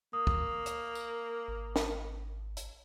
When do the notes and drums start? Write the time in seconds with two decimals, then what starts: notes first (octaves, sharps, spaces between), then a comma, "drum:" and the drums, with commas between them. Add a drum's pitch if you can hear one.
0.13 A#3 D#6
0.27 drum: kick
0.66 drum: hi-hat
0.95 drum: tambourine
1.48 G#1
1.76 drum: snare
2.57 drum: hi-hat